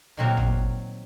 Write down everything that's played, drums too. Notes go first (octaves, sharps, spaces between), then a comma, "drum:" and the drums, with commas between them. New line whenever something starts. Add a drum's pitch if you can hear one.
A#2 D#3 F#3 C4 F#4 A#4
drum: tom G#1